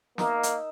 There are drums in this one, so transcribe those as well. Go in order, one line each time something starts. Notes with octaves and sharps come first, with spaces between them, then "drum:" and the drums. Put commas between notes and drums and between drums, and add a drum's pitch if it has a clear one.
A#3 D#4 A#4 E5, drum: snare
drum: hi-hat